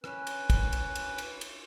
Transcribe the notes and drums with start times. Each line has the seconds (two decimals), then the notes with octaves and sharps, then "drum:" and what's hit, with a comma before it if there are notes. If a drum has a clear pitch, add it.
0.04 C#4 B4, drum: rim click
0.27 drum: cymbal
0.50 drum: kick, cymbal
0.73 drum: cymbal
0.95 drum: cymbal
1.18 drum: cymbal
1.41 drum: cymbal